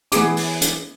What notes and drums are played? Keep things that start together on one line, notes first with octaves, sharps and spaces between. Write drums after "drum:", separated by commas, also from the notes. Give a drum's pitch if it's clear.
E3 B3 G#4 D6, drum: hi-hat
drum: open hi-hat
drum: hi-hat